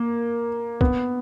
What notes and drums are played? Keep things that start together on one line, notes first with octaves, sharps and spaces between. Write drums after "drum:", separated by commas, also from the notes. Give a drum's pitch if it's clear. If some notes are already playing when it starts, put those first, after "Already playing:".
Already playing: A#3
B3, drum: kick